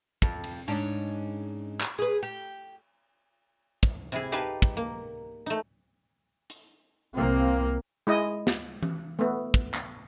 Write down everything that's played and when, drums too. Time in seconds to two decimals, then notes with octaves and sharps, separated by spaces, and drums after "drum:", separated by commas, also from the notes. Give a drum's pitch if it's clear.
0.22 F2, drum: kick
0.44 drum: cymbal
0.68 G#2 C#4 D4
1.81 drum: clap
1.99 G#4 B4
2.23 G4
3.83 drum: kick
4.12 C3 E4 G#4, drum: hi-hat
4.32 D#4 G4 B4 F5 G#5 A5
4.62 drum: kick
4.77 A#3
5.46 A3 D#4
6.50 drum: hi-hat
7.14 C2 A#3 C4
8.07 G#3 E4 D#5
8.47 drum: snare
8.83 drum: tom E3
9.19 A3 B3
9.54 drum: kick
9.74 drum: clap